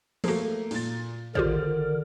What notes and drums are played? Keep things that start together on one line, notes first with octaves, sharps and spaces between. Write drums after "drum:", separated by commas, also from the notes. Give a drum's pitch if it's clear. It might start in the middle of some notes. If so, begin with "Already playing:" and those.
F3 A3 A#3 F#4, drum: cymbal
A#2 A6, drum: cymbal
D3 D#3 F4 G4 A#4 C5 D5 F6, drum: kick